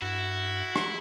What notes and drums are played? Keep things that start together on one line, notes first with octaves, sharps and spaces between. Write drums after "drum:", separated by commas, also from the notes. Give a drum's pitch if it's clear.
G2 E4 F#4
drum: rim click